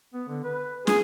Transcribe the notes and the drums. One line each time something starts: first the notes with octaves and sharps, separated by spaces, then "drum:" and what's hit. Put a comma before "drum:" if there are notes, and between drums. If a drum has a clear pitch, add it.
B3
D3
B4
F4 G#4, drum: snare